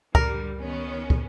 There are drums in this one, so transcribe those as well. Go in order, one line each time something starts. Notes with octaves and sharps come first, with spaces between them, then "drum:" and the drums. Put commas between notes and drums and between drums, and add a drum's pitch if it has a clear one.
C#2 D3 G3 A#4, drum: kick
D#3 B3 C#4
drum: kick